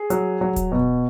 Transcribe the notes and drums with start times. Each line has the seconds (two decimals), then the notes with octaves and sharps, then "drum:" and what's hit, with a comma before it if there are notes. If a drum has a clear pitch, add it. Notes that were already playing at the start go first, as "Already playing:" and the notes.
Already playing: G#4
0.10 F#3, drum: hi-hat
0.41 F#3
0.56 drum: kick D#1, hi-hat
0.72 B2